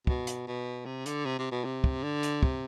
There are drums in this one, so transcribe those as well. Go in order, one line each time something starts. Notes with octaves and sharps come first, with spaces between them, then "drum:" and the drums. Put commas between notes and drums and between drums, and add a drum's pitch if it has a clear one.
B2, drum: kick
drum: hi-hat
B2
C3
D3, drum: hi-hat
C3
C3
B2
C3
drum: kick
D3
drum: hi-hat
C3, drum: kick